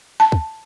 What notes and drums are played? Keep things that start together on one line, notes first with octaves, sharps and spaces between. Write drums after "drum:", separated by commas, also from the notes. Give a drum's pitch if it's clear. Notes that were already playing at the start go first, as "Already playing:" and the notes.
A5
drum: kick